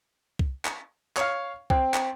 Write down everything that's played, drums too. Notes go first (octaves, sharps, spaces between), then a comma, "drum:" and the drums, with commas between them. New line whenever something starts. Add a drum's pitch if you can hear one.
drum: kick C2
drum: clap
C#5 F5, drum: clap
C4 G5, drum: kick C2
drum: clap